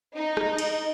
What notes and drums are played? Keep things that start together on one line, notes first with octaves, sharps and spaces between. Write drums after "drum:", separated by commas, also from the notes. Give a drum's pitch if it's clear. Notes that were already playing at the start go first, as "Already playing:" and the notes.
D#4
drum: rim click
drum: cymbal